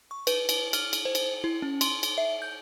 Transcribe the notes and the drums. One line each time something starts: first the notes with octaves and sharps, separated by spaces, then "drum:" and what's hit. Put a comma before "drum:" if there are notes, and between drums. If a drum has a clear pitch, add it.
C#6
B4, drum: cymbal
drum: cymbal
F6, drum: cymbal
drum: cymbal
C5
drum: cymbal
E4
C#4
C6, drum: cymbal
drum: cymbal
E5
G6